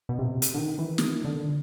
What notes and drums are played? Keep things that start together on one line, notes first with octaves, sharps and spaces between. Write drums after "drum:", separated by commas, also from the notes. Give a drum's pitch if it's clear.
B2
C3
drum: hi-hat
D3
D#3
E3
D#3, drum: snare
D3